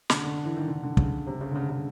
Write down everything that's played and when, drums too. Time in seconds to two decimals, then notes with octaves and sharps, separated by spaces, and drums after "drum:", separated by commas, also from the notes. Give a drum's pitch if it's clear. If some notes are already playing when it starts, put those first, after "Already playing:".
0.10 D3, drum: snare
0.25 D3
0.45 E3
0.56 D#3
0.68 D3
0.83 D3
0.97 C#3, drum: kick
1.27 C3
1.41 C#3
1.51 D3
1.55 C#3
1.69 C#3